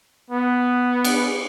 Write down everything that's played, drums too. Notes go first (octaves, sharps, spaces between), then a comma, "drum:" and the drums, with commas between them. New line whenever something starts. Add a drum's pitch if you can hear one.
B3
drum: cymbal